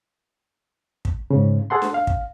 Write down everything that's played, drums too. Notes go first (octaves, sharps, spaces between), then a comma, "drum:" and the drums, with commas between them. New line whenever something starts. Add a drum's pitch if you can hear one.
drum: kick
G#2 C#3
G#4 A4 F#5 C6
drum: snare D4
F5
drum: kick